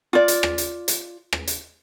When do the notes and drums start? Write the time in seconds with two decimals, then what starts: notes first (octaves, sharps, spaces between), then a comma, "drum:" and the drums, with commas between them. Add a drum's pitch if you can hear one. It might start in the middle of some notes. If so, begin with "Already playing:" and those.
0.13 F4 D5
0.28 drum: hi-hat
0.43 drum: rim click
0.58 drum: hi-hat
0.88 drum: hi-hat
1.33 drum: rim click
1.47 drum: hi-hat